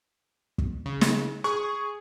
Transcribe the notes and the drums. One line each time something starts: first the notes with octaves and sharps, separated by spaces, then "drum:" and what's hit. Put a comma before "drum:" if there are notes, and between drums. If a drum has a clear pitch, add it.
drum: kick
C#3
drum: snare
G#4 C#6